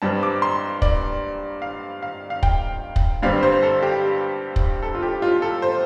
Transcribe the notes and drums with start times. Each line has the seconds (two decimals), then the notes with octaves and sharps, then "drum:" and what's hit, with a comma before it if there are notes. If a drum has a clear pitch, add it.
0.02 G2 G3 C4 A5
0.23 D6
0.42 C6
0.82 D5, drum: kick
1.62 F5
2.03 F5
2.30 F5
2.43 G5, drum: kick
2.96 drum: kick
3.22 G2 D3 G3 C4 F5
3.43 C5
3.63 A4
3.82 G4
4.56 drum: kick
4.83 A4
4.95 F4
5.02 G4
5.22 F4
5.42 A4
5.62 C5